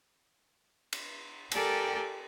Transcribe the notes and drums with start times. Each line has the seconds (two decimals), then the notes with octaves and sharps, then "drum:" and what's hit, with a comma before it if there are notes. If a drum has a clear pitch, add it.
0.93 drum: cymbal
1.52 G4 A4 A#4 D5 G5 G#5, drum: cymbal